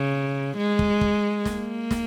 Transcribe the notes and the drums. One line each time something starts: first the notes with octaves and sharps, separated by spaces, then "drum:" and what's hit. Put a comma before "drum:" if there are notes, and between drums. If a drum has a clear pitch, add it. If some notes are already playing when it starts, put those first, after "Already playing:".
Already playing: C#3
G#3
drum: kick
drum: kick
A#3, drum: snare
drum: snare